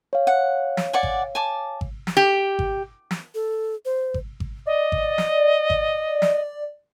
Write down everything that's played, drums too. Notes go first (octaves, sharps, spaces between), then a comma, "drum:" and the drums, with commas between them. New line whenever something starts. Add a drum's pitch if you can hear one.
C#5 F5
F#5
drum: snare
D5 F#5 G#5
drum: kick G#1
G#5 A5 D6
drum: kick G#1
drum: snare
G4
drum: kick G#1
drum: snare
A4
C5
drum: kick G#1
drum: kick G#1
D5 D#5
drum: kick G#1
drum: snare
drum: kick G#1
drum: snare